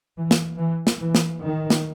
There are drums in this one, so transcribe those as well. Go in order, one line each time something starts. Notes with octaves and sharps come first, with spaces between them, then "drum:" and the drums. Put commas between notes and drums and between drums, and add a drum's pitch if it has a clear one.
E3
drum: snare
E3
drum: snare
E3
drum: snare
D#3
drum: snare